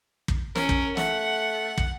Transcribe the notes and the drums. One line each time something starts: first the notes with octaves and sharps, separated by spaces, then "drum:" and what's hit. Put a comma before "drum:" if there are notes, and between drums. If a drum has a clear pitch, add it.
drum: kick
C#4 A#4, drum: snare
drum: kick
A3 F#5, drum: snare
drum: kick